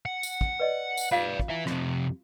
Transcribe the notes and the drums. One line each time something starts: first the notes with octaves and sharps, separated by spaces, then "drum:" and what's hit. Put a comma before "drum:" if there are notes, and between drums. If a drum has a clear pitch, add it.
F#5
drum: tambourine
drum: kick
B4 D5 D#5
drum: tambourine
F4 B4 D5 F5
drum: kick
E4 B4 E5
F2 C3, drum: rim click